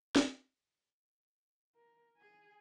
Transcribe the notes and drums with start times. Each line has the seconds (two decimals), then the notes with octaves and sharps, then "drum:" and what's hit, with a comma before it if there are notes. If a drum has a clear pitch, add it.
0.16 drum: snare
1.75 A#4
2.17 G#4 G#5